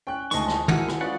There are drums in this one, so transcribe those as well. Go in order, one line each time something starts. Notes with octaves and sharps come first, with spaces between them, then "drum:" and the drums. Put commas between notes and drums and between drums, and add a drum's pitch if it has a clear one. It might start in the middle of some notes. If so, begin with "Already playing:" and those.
C#4 G5 F#6
D2 D#3 G#3 C5 D#5 A5 C#6, drum: hi-hat
drum: rim click
E4 F#4 A#4 F#5 G#5, drum: tom
drum: rim click
C#4 F4 B4 D5 D#5 F#5